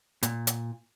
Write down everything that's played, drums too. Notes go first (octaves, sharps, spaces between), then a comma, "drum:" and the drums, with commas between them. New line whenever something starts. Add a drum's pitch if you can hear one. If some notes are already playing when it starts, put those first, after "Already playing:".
A#2, drum: hi-hat
drum: hi-hat